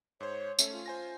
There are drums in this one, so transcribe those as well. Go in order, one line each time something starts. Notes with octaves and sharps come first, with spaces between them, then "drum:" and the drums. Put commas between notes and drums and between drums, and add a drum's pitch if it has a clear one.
G#2 C5 C#5
A3 C#4 E5, drum: tambourine
F4
C5 G#5 A#6